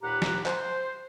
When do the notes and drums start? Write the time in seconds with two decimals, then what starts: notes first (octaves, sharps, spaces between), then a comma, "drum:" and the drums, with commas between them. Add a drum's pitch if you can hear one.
0.03 D#2 A#2 G4 B4 F#5 A#5
0.22 drum: snare
0.46 C5, drum: clap